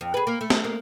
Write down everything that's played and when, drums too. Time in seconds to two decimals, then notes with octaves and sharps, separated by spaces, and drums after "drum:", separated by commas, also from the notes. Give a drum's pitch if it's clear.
0.01 F2
0.14 G#4 B4
0.27 A#3
0.41 A3
0.50 drum: snare
0.64 A#3